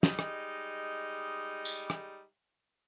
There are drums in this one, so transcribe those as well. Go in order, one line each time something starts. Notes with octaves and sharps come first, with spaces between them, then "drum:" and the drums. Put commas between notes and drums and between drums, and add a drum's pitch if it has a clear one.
G3 G#3 D#4, drum: snare
drum: rim click
drum: tambourine
drum: rim click